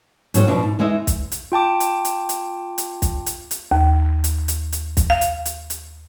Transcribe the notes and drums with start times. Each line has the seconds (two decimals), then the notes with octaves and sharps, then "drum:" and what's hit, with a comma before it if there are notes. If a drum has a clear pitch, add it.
0.34 G#2 F#3 G3 C5, drum: hi-hat
0.47 F#2 B2 F3 D4
0.63 G#2
0.79 E2 G#3 D#4 D#5 E5
1.07 drum: kick, hi-hat
1.32 drum: hi-hat
1.52 F4 G5 A5 D6
1.80 drum: hi-hat
2.05 drum: hi-hat
2.29 drum: hi-hat
2.78 drum: hi-hat
3.02 drum: kick, hi-hat
3.26 drum: hi-hat
3.51 drum: hi-hat
3.71 D#2
4.24 drum: hi-hat
4.48 drum: hi-hat
4.72 drum: hi-hat
4.97 drum: kick, hi-hat
5.10 F5
5.21 drum: hi-hat
5.45 drum: hi-hat
5.70 drum: hi-hat